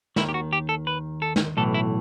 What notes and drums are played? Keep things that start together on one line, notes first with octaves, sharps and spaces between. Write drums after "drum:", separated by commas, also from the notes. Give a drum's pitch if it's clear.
D#2 D#3 E4, drum: snare
G4
F#4
G4
A4
B4
A4
drum: snare
B1 A2 E3 A4
E4